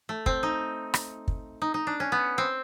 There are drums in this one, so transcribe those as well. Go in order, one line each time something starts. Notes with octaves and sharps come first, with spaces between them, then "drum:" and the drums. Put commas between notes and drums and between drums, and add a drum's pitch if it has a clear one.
A3
C4, drum: kick
D#4
drum: rim click
drum: kick
D#4
D#4
D4
C#4
B3
C4